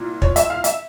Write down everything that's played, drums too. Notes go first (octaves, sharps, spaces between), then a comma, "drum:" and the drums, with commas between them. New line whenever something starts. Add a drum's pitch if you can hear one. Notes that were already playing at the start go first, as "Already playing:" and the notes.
Already playing: C2 A#2
C#5, drum: kick
E5, drum: hi-hat
F5
E5, drum: hi-hat